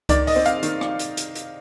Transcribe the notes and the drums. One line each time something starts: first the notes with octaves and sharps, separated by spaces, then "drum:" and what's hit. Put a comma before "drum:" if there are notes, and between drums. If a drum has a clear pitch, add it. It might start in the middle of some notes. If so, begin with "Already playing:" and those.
D#3 D5, drum: kick C#2, hi-hat
D#5, drum: open hi-hat
C4
F5, drum: hi-hat
D#3, drum: hi-hat
drum: rim click
drum: hi-hat
drum: hi-hat
drum: hi-hat